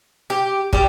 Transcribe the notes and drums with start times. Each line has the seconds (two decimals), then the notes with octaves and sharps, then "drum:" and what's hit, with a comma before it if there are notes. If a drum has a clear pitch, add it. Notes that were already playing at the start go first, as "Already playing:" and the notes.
0.30 G4
0.73 G3 G4, drum: kick